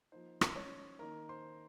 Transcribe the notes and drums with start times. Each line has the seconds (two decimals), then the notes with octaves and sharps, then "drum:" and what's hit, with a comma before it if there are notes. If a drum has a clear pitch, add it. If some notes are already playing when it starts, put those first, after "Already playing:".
0.12 F3 A#3 D#4 C5
0.41 drum: rim click
0.56 C#4 C#5
0.99 D#3 A#3 D#4 A#4 A#5
1.29 C5 C6